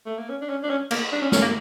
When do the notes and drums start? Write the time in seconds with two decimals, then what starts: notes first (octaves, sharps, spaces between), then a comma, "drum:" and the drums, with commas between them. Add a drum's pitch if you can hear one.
0.06 A3
0.18 A#3
0.29 C#4
0.41 D4
0.50 C#4
0.63 D4
0.70 C#4
0.91 A#3, drum: cymbal
1.12 D4
1.22 C#4
1.32 C#4, drum: snare
1.42 A#3